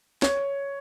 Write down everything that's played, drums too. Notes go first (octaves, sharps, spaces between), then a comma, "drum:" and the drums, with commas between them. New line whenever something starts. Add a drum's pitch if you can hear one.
C#5, drum: snare